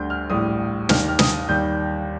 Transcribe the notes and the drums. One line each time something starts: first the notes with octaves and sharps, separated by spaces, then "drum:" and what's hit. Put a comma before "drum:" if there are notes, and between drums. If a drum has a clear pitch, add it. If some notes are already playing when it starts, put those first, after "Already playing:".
Already playing: D2 D3 G3 G6
F6
A#1 A2 G3 D#6
D#2 D#3 G3 F6, drum: snare
F6
D#6, drum: snare
D#2 D#3 G3 G6